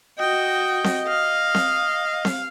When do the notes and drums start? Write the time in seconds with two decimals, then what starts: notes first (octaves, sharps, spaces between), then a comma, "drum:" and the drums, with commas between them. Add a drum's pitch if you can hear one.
0.19 F#4 D#5 G5
0.84 drum: snare C4
1.08 F5
1.55 drum: snare C4
2.25 drum: snare C4